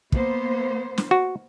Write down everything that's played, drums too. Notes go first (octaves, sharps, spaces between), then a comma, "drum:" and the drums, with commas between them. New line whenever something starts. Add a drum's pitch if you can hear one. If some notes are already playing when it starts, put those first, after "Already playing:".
A#3 B3 C5, drum: kick
drum: snare
F#4